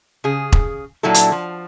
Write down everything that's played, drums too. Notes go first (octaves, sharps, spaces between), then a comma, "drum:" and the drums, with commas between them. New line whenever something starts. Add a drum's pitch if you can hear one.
C#3 G#4
drum: kick E1
A#2 F#3 D4 E4 A4
drum: hi-hat
F3